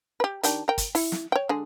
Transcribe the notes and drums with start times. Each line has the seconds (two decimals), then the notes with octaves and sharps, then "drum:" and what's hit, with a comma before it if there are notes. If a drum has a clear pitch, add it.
0.20 G4 B4
0.43 D#3 D4 G4, drum: hi-hat
0.68 A#4 G5
0.78 drum: kick, hi-hat
0.95 E4, drum: open hi-hat
1.12 drum: snare
1.32 C#5 G5
1.49 D3 G#3 G#4